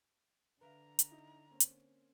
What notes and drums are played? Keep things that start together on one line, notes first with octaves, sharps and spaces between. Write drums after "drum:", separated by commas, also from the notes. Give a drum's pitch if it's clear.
D3 B4 E5 F5 A#5
drum: hi-hat
D#4 E4
A#3 C4 C#4
drum: hi-hat